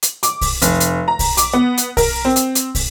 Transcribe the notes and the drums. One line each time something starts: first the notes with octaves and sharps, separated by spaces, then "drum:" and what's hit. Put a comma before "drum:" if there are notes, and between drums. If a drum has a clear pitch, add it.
drum: hi-hat
D6, drum: hi-hat
drum: kick, open hi-hat
F1, drum: hi-hat
drum: hi-hat
A#5
drum: kick, open hi-hat
D6, drum: hi-hat
B3
drum: hi-hat
A#4, drum: kick, open hi-hat
C4
drum: hi-hat
drum: hi-hat
drum: kick, open hi-hat